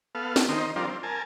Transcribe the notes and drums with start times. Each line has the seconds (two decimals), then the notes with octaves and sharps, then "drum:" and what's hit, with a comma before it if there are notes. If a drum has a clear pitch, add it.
0.15 B3 A4 F5
0.36 drum: snare
0.49 D#3 D#4 C5
0.76 F3 G3 C4 D4 F4 A#4
0.87 C4
1.03 A#4 G#5 A5